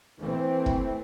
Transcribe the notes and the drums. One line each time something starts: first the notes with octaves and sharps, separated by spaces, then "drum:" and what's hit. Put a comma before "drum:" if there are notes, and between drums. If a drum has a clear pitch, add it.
E3 A3 C4
drum: kick